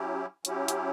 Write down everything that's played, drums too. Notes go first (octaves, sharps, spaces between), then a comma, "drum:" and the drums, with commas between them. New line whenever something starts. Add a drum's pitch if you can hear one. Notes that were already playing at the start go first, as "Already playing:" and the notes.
Already playing: F#3 C#4 E4 G4
F#3 C#4 E4 G4, drum: hi-hat
drum: hi-hat